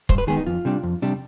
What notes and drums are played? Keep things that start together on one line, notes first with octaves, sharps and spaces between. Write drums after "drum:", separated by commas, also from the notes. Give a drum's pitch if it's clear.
G2 C5, drum: kick
B4
D#3 G#3 B3 G#4
D#4
F2 F4
C3 G3 D4
F2
C3 G3 D4